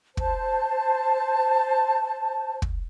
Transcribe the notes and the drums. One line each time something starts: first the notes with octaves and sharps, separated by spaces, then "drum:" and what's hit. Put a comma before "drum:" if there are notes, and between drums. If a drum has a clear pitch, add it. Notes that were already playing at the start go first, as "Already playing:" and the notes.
C5 A5, drum: kick
drum: kick